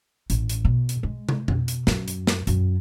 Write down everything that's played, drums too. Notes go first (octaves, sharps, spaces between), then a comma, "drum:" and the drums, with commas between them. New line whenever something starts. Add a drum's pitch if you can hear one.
A1, drum: hi-hat
drum: hi-hat
B2
drum: hi-hat
G#3
drum: tom
B2, drum: tom F2
drum: hi-hat
F#2, drum: snare
drum: hi-hat
drum: snare
F#2, drum: hi-hat